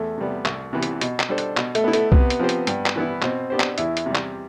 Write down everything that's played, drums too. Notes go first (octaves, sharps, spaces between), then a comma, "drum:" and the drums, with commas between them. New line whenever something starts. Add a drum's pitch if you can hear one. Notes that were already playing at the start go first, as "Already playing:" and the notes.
Already playing: E2 A3
C3 G3 B3
C2, drum: clap
C3 E3 B3
drum: hi-hat
B2, drum: hi-hat
drum: clap
G3 D4 A4 C5
drum: hi-hat
B2, drum: clap
A3, drum: hi-hat
B3 E4
A3, drum: hi-hat
C3 B3, drum: kick B1
drum: hi-hat
F3 C4 G4 C5
drum: hi-hat
G2, drum: hi-hat
drum: clap
E3 B3 E4
B2 C4, drum: clap
B3 D4 G4 C5
drum: clap
E2 E4, drum: hi-hat
drum: hi-hat
C3 G3
drum: clap